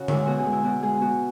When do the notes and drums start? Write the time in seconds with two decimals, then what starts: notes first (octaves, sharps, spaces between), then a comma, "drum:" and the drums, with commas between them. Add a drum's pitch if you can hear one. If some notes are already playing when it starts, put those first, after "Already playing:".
Already playing: C#3 F#4
0.08 E3 G#3 E4, drum: tom D3
0.27 B2 F#4
0.39 G#4
0.46 G#3
0.52 E4
0.63 B2 F#4
0.83 G#3 G#4
1.01 B2 F#4